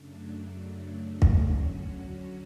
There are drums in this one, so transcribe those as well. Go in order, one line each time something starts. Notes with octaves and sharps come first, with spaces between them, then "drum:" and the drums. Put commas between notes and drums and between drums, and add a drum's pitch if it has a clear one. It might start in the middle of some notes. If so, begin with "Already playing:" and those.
Already playing: F#2 C#3 F#3 A3 D4
drum: kick
D3 F#3 C#4 F#4